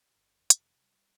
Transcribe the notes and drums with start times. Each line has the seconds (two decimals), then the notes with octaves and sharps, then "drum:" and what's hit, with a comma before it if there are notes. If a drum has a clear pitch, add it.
0.15 G1
0.37 F2
0.50 drum: hi-hat
0.60 C3
0.83 G3